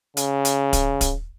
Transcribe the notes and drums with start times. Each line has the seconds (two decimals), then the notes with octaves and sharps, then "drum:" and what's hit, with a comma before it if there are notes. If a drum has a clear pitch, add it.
0.17 C#3, drum: hi-hat
0.45 drum: hi-hat
0.73 drum: kick, hi-hat
1.01 drum: kick, hi-hat